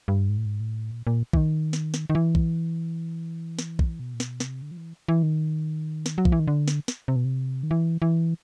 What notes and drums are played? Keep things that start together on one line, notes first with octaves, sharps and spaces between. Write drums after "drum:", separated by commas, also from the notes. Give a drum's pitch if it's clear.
G2
G#2
A2
G#2
A2
A#2
A#2
E3, drum: kick A#1
D#3
drum: snare
drum: snare
D#3
E3
drum: kick A#1
drum: snare
drum: kick A#1
B2
A#2
B2, drum: snare
C3, drum: snare
D3
F3
E3
E3
D#3
drum: snare
F#3
F3, drum: kick A#1
E3
D#3
D3
drum: snare
drum: snare
C3
B2
C3
D#3
E3
E3